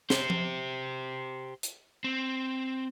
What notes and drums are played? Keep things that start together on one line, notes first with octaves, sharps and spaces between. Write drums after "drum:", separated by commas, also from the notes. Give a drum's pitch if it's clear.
G4 C5, drum: snare
drum: tom F3
drum: hi-hat
C4